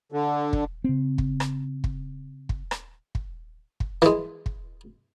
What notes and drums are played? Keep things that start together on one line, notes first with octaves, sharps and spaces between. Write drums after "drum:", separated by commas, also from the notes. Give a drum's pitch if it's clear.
D3
drum: kick
C#3 C4
drum: kick
drum: rim click
drum: kick
drum: kick
drum: rim click
drum: kick
drum: kick
E3 G#3, drum: rim click
drum: kick